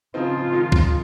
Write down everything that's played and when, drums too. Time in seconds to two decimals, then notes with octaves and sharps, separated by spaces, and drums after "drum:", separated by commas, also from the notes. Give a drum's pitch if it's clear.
0.14 C#3 F3 C4 D#4 F4
0.52 D#3 G#3 D#4
0.72 drum: kick